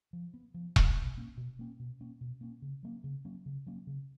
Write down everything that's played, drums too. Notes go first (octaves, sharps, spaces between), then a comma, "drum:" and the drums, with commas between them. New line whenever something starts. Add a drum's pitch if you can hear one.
F3
B3
F3
B3, drum: kick E1
B2
A#3 C#4
B2
A#3 C#4
B2
A#3 C#4
B2
A#3 C#4
C#3
F#3 A#3 C#4
C#3
F#3 A#3 C#4
C#3
F#3 A#3 C#4
C#3